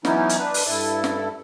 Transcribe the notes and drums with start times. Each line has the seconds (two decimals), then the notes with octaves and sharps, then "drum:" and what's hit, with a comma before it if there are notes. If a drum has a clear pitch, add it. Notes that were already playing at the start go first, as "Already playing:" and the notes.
0.05 E3 F#3 B3 C#4 D#4 E4, drum: snare
0.29 drum: hi-hat
0.39 D4 B4
0.54 drum: open hi-hat
0.65 G2 E4 A4
1.04 drum: snare